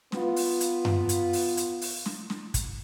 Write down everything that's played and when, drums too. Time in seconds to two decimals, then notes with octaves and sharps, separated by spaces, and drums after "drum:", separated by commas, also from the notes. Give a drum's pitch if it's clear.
0.12 B3 F4, drum: snare
0.36 drum: open hi-hat
0.61 drum: hi-hat
0.85 drum: tom F#2
1.09 drum: hi-hat
1.33 drum: open hi-hat
1.57 drum: hi-hat
1.81 drum: open hi-hat
2.06 drum: snare
2.30 drum: snare
2.54 drum: kick, hi-hat